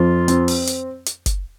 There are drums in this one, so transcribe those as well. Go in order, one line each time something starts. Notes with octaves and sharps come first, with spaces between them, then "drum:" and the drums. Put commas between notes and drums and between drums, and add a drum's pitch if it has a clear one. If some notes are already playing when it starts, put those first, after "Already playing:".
Already playing: F2 F4
C4, drum: hi-hat
drum: open hi-hat
drum: hi-hat
drum: hi-hat
drum: kick F#1, hi-hat